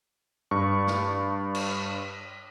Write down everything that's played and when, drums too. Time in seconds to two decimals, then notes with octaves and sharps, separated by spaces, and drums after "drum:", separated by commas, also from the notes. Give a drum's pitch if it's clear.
0.51 G2 C#6
0.87 drum: snare
1.55 drum: cymbal